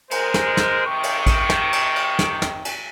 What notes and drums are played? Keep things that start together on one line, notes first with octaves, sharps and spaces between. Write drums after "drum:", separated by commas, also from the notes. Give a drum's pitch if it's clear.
G#3 A#4 C5, drum: cymbal
drum: snare
drum: snare
C3 D#3 C#6
drum: cymbal
drum: kick, cymbal
drum: snare
drum: cymbal
drum: cymbal
drum: snare
drum: snare
drum: cymbal